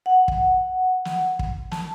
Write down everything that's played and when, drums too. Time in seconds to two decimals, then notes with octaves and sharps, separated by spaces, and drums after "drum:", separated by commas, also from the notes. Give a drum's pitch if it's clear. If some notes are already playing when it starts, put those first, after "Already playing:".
0.06 F#5
0.28 drum: kick
1.05 drum: snare
1.39 drum: kick
1.72 A5, drum: snare